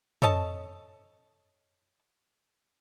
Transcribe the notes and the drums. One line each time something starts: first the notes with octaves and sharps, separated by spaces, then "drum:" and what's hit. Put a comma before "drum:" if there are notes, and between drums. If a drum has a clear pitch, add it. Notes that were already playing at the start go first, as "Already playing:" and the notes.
A4 C#5 D#5 A5, drum: tom